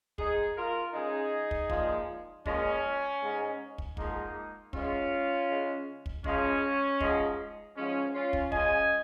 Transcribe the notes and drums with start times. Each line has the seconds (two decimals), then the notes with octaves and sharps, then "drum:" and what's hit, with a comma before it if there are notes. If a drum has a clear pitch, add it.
0.18 G#2 G#3 D#4 G#4, drum: kick
0.56 F4 A#4
0.94 C#3 G#3 D#4 G#4
1.51 drum: kick
1.70 A#2 F3 G#3, drum: kick
2.46 A#2 F3 G#3 C#4, drum: kick
3.21 G#2 G#3
3.78 drum: kick
3.97 G#2 F3 G#3 A#3 D#4, drum: kick
4.73 G#2 G#3 C#4 F4, drum: kick
5.49 C#3 G#3
6.06 drum: kick
6.24 C#3 F3 G#3 C#4, drum: kick
7.00 G#2 F3 G#3, drum: kick
7.76 G#2 F3 G#3 C#4
8.14 C#4 F4
8.33 drum: kick
8.52 C#3 F3 G#3 D#5 G#5, drum: kick